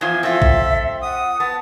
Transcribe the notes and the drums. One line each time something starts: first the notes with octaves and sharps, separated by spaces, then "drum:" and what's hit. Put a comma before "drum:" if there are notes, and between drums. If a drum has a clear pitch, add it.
E2 F3 G#5
C4 F4 A4 E5
drum: kick A#1
F#5 D#6
B3 A5